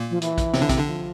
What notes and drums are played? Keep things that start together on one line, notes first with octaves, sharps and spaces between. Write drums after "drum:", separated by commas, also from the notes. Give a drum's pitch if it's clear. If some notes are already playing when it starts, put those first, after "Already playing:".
Already playing: A#2 A#3
F3
E3, drum: hi-hat
drum: kick A#1, hi-hat
C3 C4, drum: snare
D3 D4
C3 C4, drum: kick A#1, hi-hat
D3 D4
F3